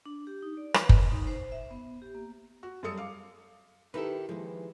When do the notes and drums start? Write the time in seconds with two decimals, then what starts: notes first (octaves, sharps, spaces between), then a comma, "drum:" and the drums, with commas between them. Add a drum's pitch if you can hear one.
0.06 D4
0.27 G4
0.42 D#4
0.57 D5
0.74 B4, drum: rim click
0.89 D#5, drum: kick F#1
1.11 D#4
1.27 C5
1.52 E5
1.71 B3
2.02 G4
2.15 A#3
2.63 F#4
2.83 F#2 G3 A4 D#6 C#7
2.97 F5 D6
3.94 D#3 D#4 E4 G4 A4 B4
4.29 D#2 E3 F3 G#3